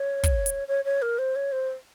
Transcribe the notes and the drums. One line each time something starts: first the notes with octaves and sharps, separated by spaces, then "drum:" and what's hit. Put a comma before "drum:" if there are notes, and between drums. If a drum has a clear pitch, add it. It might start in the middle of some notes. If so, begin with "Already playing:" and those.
Already playing: C#5
drum: kick, hi-hat
drum: hi-hat
C#5
C#5
A#4
C5
C#5
C5